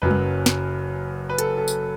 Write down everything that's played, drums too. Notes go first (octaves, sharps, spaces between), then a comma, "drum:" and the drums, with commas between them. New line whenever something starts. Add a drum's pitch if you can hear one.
F#1 F#2 F#3 B4
drum: tom G3
drum: snare
B4
A4, drum: hi-hat
A4
drum: tambourine